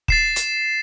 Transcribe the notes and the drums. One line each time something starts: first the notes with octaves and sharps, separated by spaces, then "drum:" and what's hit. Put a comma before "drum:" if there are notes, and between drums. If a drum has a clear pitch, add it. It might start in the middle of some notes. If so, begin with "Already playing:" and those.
A6 C7 E7, drum: kick
drum: hi-hat